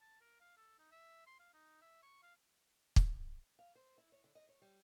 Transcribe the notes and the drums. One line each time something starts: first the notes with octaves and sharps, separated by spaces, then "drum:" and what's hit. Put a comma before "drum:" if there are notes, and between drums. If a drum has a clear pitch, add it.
A5
A#4
F5
A4
D#4
E5
C6
F5
D#4
E5
C#6
F5
drum: kick
F5
C5
E4
C#5
D3
D#5
C#5
G3